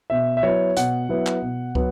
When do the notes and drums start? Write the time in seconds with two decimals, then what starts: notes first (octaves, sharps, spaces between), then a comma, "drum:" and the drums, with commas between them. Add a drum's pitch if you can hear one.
0.10 B2 E5
0.37 E5
0.43 F#3 B3 E4 C#5
0.77 B2 F#5, drum: hi-hat
1.09 F#3 B3 E4
1.27 drum: clap
1.42 B2
1.75 F#3 B3, drum: kick